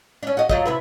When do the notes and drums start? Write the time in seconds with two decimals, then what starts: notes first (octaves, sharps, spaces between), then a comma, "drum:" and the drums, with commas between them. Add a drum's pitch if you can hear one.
0.23 C#4 D4
0.37 F#4 D#5
0.49 F3 F#3 D#5, drum: kick
0.66 C3 E4 B4